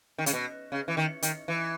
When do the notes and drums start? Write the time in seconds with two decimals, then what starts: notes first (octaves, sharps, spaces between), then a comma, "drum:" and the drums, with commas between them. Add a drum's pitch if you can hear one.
0.18 D#3
0.26 C#3, drum: hi-hat
0.33 B2
0.72 C#3
0.88 E3
0.97 D#3
1.22 D#3, drum: hi-hat
1.48 E3